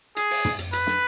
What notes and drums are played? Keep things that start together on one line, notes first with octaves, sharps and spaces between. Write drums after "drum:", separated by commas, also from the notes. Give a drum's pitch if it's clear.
G#4, drum: hi-hat
drum: open hi-hat
drum: tom
drum: hi-hat
B4, drum: hi-hat
drum: snare